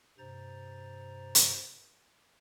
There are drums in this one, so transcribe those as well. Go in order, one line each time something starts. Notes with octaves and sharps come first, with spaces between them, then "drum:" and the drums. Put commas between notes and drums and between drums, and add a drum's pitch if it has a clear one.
G2 C3 C5 A#5 A6
drum: hi-hat